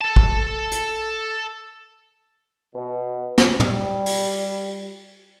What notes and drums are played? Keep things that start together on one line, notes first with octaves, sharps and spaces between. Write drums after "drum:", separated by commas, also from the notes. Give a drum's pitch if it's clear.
A4 A5
drum: kick
drum: hi-hat
B2
drum: snare
G3, drum: tom
drum: open hi-hat